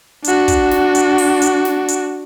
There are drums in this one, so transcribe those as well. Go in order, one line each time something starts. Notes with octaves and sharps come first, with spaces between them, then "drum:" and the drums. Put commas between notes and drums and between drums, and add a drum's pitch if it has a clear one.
D4 F#4, drum: hi-hat
drum: kick, hi-hat
drum: snare
drum: hi-hat
drum: open hi-hat
drum: hi-hat
drum: snare
drum: hi-hat